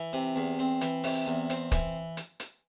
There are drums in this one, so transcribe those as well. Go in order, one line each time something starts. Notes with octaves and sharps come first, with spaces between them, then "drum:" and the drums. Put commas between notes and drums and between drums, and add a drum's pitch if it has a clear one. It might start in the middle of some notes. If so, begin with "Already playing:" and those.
Already playing: E3
C3
E2
C4
E3, drum: hi-hat
C3, drum: open hi-hat
E2
C4, drum: hi-hat
E3, drum: kick, hi-hat
drum: hi-hat
drum: hi-hat